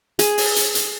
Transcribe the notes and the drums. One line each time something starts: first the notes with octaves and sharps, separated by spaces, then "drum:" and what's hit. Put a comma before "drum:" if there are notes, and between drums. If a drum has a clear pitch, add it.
G#4, drum: hi-hat
drum: open hi-hat
drum: hi-hat
drum: hi-hat